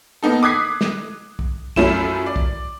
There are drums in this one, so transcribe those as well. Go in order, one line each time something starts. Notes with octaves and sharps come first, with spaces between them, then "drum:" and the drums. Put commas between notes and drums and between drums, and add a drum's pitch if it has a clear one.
A#3 B3 D#4 A4
D6 D#6 F#6 G#6 B6 C7
drum: snare
drum: kick
F#2 A3 C#4 E4 F4 E7, drum: kick
D5
drum: kick